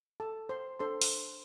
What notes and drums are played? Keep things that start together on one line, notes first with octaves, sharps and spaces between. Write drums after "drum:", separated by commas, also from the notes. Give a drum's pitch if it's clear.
A4 A5
C5 C6
D4 A4 C5 C6
drum: open hi-hat